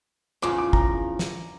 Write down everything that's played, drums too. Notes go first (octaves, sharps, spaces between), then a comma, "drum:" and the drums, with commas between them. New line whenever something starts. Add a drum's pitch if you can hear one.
E2 C#3 F3 D6
D6
A#5, drum: kick
drum: snare